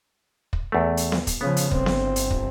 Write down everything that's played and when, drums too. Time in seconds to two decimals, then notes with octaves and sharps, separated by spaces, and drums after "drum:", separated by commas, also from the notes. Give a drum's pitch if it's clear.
0.53 drum: kick
0.72 E2 A3
0.97 drum: hi-hat
1.12 drum: snare B3
1.27 drum: kick, hi-hat
1.41 C#3 F3 B3
1.57 drum: hi-hat
1.71 G1 C4, drum: kick
1.86 drum: snare B3
2.16 drum: hi-hat
2.31 drum: kick